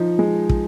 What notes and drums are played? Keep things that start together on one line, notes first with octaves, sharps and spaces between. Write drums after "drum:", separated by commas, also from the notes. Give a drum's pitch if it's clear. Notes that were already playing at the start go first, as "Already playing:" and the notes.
Already playing: F3 D#4
G#3
drum: kick